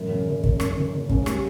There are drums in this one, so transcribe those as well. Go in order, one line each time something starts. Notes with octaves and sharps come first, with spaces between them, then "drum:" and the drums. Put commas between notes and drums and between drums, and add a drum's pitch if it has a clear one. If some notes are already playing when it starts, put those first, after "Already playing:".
Already playing: A1 F#2
C#3
F#1
F#1, drum: kick
C#3, drum: rim click
F#1
F#1
C#3, drum: kick
G3, drum: rim click